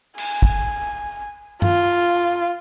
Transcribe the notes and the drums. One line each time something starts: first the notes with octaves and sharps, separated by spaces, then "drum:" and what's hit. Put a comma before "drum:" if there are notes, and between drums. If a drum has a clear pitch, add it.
G#5, drum: cymbal
drum: kick
F4, drum: tom G2